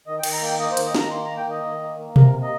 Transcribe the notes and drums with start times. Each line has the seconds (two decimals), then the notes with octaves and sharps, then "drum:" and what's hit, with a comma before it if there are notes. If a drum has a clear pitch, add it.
0.07 D#3 D#5
0.19 G5
0.23 D#3, drum: cymbal
0.33 A#5
0.41 A#3 G5
0.59 A#3 D#5
0.71 C5
0.77 D#3, drum: hi-hat
0.85 D#5
0.94 D#3 A#5, drum: snare
1.11 A#3 C6
1.25 A#3 A#5
1.37 G5
1.47 D#3 D#5
1.64 D#3
1.81 A#3
1.99 A#3
2.16 C3 A#4, drum: tom B2
2.33 A#3
2.42 D#5